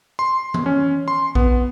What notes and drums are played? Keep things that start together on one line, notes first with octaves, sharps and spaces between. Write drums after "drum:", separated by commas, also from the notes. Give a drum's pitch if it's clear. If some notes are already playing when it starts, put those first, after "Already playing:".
C6
drum: tom E3
C#4
C6
B3, drum: kick A#1